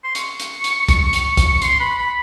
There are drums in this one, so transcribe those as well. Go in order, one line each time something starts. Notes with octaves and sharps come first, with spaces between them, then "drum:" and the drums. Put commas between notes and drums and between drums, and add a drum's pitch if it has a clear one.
C6
C#6, drum: hi-hat
drum: hi-hat
drum: hi-hat
drum: kick, hi-hat
drum: hi-hat
drum: kick, hi-hat
C6, drum: hi-hat
B5
B5